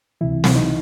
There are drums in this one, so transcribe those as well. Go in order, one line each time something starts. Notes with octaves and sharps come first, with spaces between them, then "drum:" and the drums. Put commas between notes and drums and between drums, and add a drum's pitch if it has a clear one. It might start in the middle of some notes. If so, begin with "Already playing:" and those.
C#2 C3 E3 E4
drum: snare
D#4